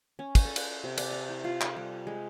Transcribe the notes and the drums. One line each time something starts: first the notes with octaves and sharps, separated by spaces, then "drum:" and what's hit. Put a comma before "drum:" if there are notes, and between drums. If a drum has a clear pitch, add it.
C#4
drum: kick, cymbal
A4
drum: cymbal
C3
D5, drum: cymbal
A#5
E4
F4
A4, drum: clap
G3
G#3